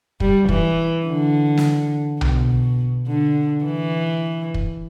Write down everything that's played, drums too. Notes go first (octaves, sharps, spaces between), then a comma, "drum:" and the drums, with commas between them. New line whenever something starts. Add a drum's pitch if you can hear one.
G3, drum: kick
E3, drum: kick
D3
drum: snare
B2, drum: tom B1
D3
E3
drum: kick